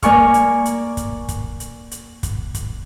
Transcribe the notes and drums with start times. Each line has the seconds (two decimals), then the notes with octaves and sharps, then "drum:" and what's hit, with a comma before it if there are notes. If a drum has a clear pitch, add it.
0.02 A#3 D5 G#5 C#6 F6, drum: kick, hi-hat
0.34 drum: hi-hat
0.65 drum: hi-hat
0.97 drum: kick, hi-hat
1.28 drum: kick, hi-hat
1.60 drum: hi-hat
1.91 drum: hi-hat
2.23 drum: kick, hi-hat
2.54 drum: kick, hi-hat